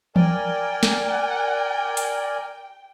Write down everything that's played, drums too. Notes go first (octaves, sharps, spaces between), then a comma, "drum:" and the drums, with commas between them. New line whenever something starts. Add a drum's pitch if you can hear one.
A#4 D5 G5 G#5, drum: tom E3
drum: snare
drum: hi-hat